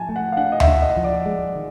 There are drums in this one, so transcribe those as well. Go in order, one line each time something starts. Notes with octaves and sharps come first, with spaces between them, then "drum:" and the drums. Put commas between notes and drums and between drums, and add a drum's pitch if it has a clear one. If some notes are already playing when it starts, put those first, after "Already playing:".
Already playing: F3 G#5 A5
A3
F#5
F5
D4 F#5
D#5
E5, drum: tom D2
D4
D#5
F3
D5
G#3
D#3